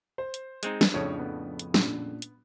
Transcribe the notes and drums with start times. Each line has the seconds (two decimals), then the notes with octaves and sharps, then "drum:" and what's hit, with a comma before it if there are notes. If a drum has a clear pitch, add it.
0.18 C5
0.34 drum: hi-hat
0.63 G#3 C4 D#4, drum: hi-hat
0.81 drum: snare
0.94 F2 A2 C#3 D4 C#5
1.19 B3
1.59 drum: hi-hat
1.74 A#2 C#4 D4, drum: snare
2.22 drum: hi-hat